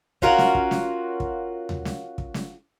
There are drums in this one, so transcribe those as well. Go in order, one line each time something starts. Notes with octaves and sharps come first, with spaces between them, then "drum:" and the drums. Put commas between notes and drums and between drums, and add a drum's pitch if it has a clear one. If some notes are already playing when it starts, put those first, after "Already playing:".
C#4 F4 F#4 A#4, drum: kick
drum: snare
drum: kick
drum: snare
drum: kick
drum: tom D#2
drum: snare
drum: kick
drum: snare